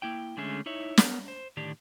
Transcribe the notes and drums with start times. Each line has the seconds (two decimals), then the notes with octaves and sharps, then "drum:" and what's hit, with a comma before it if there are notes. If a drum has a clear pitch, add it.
0.02 A#3 E4 G5
0.37 D3 G#3 A3 C#4 G#4 E5
0.66 D#4 E4 C#5 E5
0.98 B3 A#4, drum: snare
1.28 C5
1.57 A2 D3 D#3 D4 G4